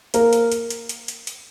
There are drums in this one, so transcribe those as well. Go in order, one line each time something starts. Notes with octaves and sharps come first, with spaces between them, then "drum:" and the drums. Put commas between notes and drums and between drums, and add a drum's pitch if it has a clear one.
A#3 A#4, drum: hi-hat
drum: hi-hat
drum: hi-hat
drum: hi-hat
drum: hi-hat
drum: hi-hat
drum: hi-hat